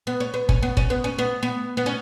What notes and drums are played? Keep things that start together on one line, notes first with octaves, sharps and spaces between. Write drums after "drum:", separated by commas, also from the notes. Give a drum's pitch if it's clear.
B3
C#4
B3
C#4, drum: kick
B3
C#4, drum: kick
B3
C#4
B3
B3
B3
C#4